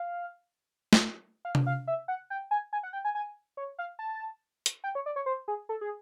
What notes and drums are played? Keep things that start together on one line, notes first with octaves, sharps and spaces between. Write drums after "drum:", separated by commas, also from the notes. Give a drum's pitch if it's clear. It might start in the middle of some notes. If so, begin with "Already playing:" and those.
Already playing: F5
drum: snare
F5
drum: tom C3
F5
E5
F#5
G5
G#5
G#5
F#5
G5
G#5
G#5
C#5
F5
A5
drum: hi-hat
G5
C#5
D5
C#5
C5
G#4
A4
G#4